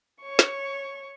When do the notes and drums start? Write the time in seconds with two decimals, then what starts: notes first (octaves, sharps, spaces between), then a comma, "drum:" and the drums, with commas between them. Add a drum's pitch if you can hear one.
0.22 C#5 C#6
0.39 drum: snare